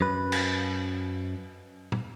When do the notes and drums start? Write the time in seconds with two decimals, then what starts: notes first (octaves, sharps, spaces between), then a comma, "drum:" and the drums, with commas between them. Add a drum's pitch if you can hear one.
0.01 F#2 B4
0.32 drum: cymbal
1.92 drum: tom A#2